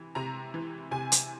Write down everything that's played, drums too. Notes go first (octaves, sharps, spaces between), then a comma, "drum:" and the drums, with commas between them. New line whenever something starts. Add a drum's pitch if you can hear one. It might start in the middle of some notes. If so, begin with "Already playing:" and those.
Already playing: C3 E3
C3 A#5
E3
C3 G#5
drum: hi-hat